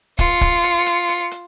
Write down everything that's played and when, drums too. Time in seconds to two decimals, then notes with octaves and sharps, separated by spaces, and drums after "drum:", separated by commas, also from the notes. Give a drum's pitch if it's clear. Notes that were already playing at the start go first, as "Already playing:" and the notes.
0.19 F4 C#7, drum: kick, hi-hat
0.41 drum: kick, hi-hat
0.64 drum: hi-hat
0.86 drum: hi-hat
1.09 drum: hi-hat
1.31 drum: hi-hat